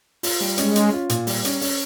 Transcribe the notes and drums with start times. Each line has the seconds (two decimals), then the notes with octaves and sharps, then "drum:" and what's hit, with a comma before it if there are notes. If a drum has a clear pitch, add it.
0.23 F4, drum: open hi-hat
0.40 G3
0.58 G#3 C#4, drum: hi-hat
0.76 C#4, drum: hi-hat
0.93 F4
1.09 A#2, drum: hi-hat
1.27 G3, drum: open hi-hat
1.45 C#4, drum: hi-hat
1.61 C#4, drum: open hi-hat